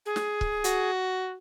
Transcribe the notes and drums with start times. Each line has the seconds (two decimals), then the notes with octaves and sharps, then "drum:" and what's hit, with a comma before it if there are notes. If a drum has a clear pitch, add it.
0.06 G#4
0.16 drum: snare
0.41 drum: kick
0.64 F#4, drum: hi-hat